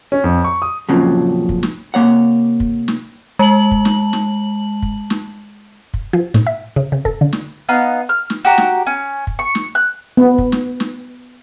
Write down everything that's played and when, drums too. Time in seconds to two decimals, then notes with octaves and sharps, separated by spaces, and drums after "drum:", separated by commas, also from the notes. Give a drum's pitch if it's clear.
0.12 C#4
0.24 F2
0.44 C#6
0.62 D#6
0.89 F2 A#2 C#3 F3 F#3
1.49 drum: kick
1.63 drum: snare
1.94 C3 A#3 C#5 F#5
2.60 drum: kick
2.88 drum: snare
3.39 G#3 A5 F#7
3.71 drum: kick
3.85 drum: snare
4.13 drum: snare
4.82 drum: kick
5.10 drum: snare
5.94 drum: kick
6.13 F3
6.34 A2, drum: snare
6.47 E5
6.76 C#3
6.92 C#3
7.05 A4, drum: kick
7.21 D3
7.33 drum: snare
7.69 B3 D#4 F5
8.09 F6
8.30 drum: snare
8.45 F#4 G4 A#5
8.58 drum: snare
8.87 C#4
9.27 drum: kick
9.39 C#6
9.55 drum: snare
9.75 F#6
10.17 B3
10.38 drum: kick
10.52 drum: snare
10.80 drum: snare